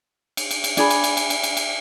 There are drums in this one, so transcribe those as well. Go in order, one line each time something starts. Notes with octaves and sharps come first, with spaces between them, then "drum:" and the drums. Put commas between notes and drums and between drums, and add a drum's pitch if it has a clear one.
drum: cymbal
drum: cymbal
drum: cymbal
D4 G#4 B5, drum: cymbal
drum: cymbal
drum: cymbal
drum: cymbal
drum: cymbal
drum: cymbal
drum: cymbal